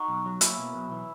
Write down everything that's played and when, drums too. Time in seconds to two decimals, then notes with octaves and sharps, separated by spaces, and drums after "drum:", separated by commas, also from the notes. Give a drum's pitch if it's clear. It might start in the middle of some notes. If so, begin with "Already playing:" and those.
Already playing: D#4 F#4
0.08 B1
0.26 F#3
0.41 A#3 C#4 E4, drum: hi-hat
0.58 B2
0.74 B1
0.91 E3